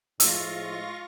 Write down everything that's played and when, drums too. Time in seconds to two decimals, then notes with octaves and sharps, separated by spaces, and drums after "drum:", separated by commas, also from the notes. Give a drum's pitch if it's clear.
0.20 A2 F3 G#3 F4 C#6 E6 A#6, drum: hi-hat